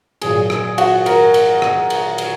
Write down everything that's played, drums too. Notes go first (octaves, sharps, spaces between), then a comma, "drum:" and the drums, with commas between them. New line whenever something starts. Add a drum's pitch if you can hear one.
A#2 F#3 G#4, drum: cymbal
drum: rim click
F#4, drum: cymbal
A#4, drum: cymbal
drum: cymbal
drum: rim click
drum: cymbal
drum: cymbal